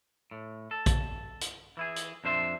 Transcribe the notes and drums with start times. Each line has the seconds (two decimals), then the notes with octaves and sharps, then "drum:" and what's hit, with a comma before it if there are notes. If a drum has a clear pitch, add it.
0.31 A2
0.71 A4
0.86 drum: kick, hi-hat
1.41 drum: hi-hat
1.77 E3 E4 G#4
1.96 drum: hi-hat
2.24 F2 D4 C5 E5 C6